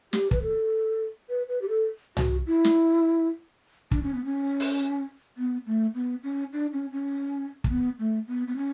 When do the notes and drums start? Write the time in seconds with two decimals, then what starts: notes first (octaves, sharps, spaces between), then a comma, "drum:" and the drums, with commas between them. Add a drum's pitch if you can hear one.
0.13 G4, drum: snare
0.31 B4, drum: kick
0.42 A4
1.29 B4
1.49 B4
1.62 G4
1.69 A4
2.17 F#4, drum: tom
2.47 E4
2.65 drum: snare
3.91 D4, drum: kick
4.03 C#4
4.14 B3
4.25 C#4
4.60 drum: open hi-hat
5.37 B3
5.66 A3
5.95 B3
6.24 C#4
6.53 D4
6.73 C#4
6.92 C#4
7.64 A3, drum: kick
7.69 B3
7.99 A3
8.28 B3
8.48 B3
8.57 C#4